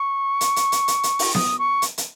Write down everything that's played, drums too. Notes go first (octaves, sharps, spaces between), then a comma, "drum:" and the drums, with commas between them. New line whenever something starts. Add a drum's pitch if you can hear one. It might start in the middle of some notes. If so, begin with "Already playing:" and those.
Already playing: C#6
drum: hi-hat
drum: hi-hat
drum: hi-hat
drum: hi-hat
drum: hi-hat
drum: open hi-hat
D#6, drum: snare B3
C#6
drum: hi-hat
drum: hi-hat